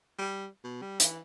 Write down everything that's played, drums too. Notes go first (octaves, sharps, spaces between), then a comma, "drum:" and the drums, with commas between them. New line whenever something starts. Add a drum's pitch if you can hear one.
G3
B2
G3
E3, drum: hi-hat